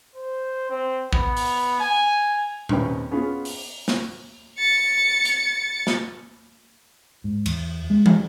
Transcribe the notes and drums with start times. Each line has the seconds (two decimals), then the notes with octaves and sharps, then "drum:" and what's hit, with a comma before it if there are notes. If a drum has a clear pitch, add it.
0.16 C5
0.70 C4
1.13 B3, drum: kick
1.37 drum: open hi-hat
1.80 G#5
2.69 D#2 C3 C#4 B4 G5, drum: tom A#2
3.11 B3 C#4 F4 G#4
3.45 drum: open hi-hat
3.88 drum: snare
4.59 A6 C#7
5.25 drum: hi-hat
5.87 drum: snare
7.24 G#2
7.46 E2, drum: cymbal
7.90 G#3
8.06 drum: tom